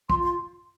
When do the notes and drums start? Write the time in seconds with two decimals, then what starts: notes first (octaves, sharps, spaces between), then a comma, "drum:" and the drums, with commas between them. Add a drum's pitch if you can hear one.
0.10 F4 C6, drum: kick
0.22 C6